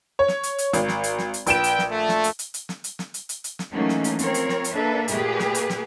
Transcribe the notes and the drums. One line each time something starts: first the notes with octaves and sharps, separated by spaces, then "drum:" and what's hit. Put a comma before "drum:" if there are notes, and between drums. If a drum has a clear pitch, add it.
C#5
drum: snare
drum: hi-hat
drum: hi-hat
G#1, drum: hi-hat
drum: snare
drum: hi-hat
drum: snare
drum: hi-hat
A#1 B4 G5 D7 E7, drum: hi-hat
drum: hi-hat
drum: snare
A3
drum: snare
drum: hi-hat
drum: hi-hat
drum: hi-hat
drum: snare
drum: hi-hat
drum: snare
drum: hi-hat
drum: hi-hat
drum: hi-hat
drum: snare
E3 F#3 A3 A#3 C#4 D#4
drum: snare
drum: hi-hat
F3 C4 A#4 C#5, drum: hi-hat
drum: hi-hat
drum: snare
drum: hi-hat
A#3 D4 A4 B4 E5
A#2 A3 G4 G#4 B4, drum: hi-hat
drum: snare
drum: hi-hat
drum: snare